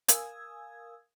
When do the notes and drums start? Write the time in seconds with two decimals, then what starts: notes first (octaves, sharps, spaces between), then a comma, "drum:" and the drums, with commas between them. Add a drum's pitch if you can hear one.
0.08 A#4 F5 G#5 D#6 E6 G#6, drum: hi-hat